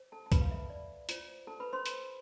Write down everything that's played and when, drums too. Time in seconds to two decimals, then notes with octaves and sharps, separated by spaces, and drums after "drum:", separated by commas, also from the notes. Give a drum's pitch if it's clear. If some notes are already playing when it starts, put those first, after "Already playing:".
Already playing: C5
0.12 A4 A5
0.26 A5
0.32 B4 B5, drum: kick C2, hi-hat
0.41 F5
0.51 E5
0.70 D5
1.09 F4 C5, drum: hi-hat
1.47 A4 A5
1.60 B4 B5
1.73 C5 C6
1.86 drum: hi-hat